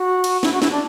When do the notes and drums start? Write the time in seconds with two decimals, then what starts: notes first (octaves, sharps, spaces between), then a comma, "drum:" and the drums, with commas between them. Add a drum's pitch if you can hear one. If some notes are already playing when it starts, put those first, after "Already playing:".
Already playing: F#4
0.24 drum: cymbal
0.43 E4, drum: snare
0.53 F#4
0.62 E4, drum: snare
0.71 D4